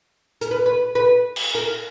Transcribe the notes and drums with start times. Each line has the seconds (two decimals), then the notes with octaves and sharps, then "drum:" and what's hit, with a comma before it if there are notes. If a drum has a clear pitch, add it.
0.41 A#4, drum: hi-hat
0.51 B4
0.66 B4
0.95 B4
1.36 drum: cymbal
1.55 A#4